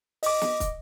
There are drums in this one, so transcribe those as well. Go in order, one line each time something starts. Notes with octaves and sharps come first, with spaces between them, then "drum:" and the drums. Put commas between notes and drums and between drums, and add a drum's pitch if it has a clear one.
D#5 D6, drum: open hi-hat
drum: snare
drum: kick, hi-hat